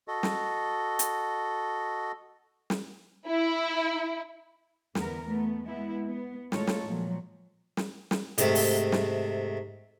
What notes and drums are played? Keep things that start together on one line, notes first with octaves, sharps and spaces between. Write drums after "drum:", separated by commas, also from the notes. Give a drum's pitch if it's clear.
F#4 A4 D#5
drum: snare
drum: hi-hat
drum: snare
E4
E2 D3 B3 A#4, drum: snare
A3 B3
G#3 B3 E4
B3
A2 D#3 G#3 F4 A4 C#5, drum: snare
drum: snare
A#2 F3 F#3
drum: snare
drum: snare
G#2 C3 A3, drum: hi-hat
drum: open hi-hat
drum: snare